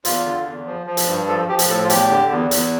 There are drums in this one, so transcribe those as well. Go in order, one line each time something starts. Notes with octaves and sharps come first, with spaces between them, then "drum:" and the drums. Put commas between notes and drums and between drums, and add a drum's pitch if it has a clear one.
E2 F4, drum: hi-hat
D3
E2
F3
F3
drum: hi-hat
G2
F3 A4
F3 G4
drum: hi-hat
A2 A4
F4
E2 G4, drum: hi-hat
D3
E2
E2, drum: hi-hat